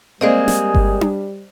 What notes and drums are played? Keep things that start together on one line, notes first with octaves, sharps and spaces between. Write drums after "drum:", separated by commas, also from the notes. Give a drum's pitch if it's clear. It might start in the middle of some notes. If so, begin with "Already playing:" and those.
G3 G#3 A#3 C4 G#4 C5 D5 D#5
drum: snare
drum: kick G1
drum: tom D4